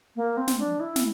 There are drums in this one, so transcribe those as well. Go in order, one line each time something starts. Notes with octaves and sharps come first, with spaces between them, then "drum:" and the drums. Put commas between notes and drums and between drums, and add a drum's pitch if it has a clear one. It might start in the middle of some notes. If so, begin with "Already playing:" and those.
A#3
C4
drum: snare
D4
E4
drum: snare